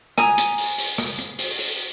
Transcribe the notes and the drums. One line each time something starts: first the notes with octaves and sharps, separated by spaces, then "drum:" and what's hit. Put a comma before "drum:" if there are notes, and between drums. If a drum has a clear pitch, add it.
G#5 A#5 D#6, drum: rim click
drum: hi-hat
drum: open hi-hat
drum: open hi-hat
drum: rim click
drum: hi-hat
drum: open hi-hat
drum: open hi-hat